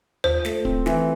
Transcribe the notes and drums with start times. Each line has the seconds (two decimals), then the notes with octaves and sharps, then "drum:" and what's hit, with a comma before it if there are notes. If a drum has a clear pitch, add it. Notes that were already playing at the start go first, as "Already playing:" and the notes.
0.24 F4 C5, drum: tom D#2
0.45 A3, drum: snare
0.65 C4, drum: kick
0.86 E3, drum: snare